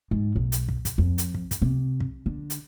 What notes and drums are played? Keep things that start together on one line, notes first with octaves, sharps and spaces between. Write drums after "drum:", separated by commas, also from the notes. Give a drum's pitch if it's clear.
G#2
B1
drum: hi-hat
drum: kick
drum: kick, hi-hat
F2
drum: hi-hat
drum: kick
drum: kick, hi-hat
C3
drum: kick
D3
drum: hi-hat